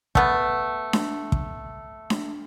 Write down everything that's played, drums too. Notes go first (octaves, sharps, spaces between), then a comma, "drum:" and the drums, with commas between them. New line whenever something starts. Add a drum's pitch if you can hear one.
A3 B3, drum: kick
drum: snare D4
drum: kick
drum: snare D4